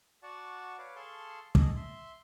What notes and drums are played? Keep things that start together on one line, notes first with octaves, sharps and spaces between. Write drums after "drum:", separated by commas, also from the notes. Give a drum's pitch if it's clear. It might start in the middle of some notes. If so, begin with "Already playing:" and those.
F#4 D5 F#5 A5 C#6
B4 C#5 F5 D6
G#4 A4 F5 A5 C6 C#6
G#4 A4 D#5, drum: kick
E5 C6